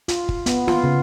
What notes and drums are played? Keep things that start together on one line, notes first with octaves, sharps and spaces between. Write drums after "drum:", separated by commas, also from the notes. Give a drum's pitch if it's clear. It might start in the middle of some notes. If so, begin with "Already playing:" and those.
F4, drum: hi-hat
drum: kick
B3, drum: hi-hat
F4, drum: snare
C#3